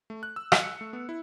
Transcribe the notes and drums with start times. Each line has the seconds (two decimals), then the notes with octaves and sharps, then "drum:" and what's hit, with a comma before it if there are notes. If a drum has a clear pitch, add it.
0.10 A3
0.23 F#6
0.36 E6
0.52 D#5, drum: rim click
0.64 C#7
0.81 A3
0.93 B3
1.09 E4